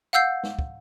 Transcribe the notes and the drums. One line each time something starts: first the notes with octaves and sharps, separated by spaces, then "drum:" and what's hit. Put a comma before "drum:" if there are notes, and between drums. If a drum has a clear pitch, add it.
F5 F#5 E6 G6 C7
drum: snare
drum: kick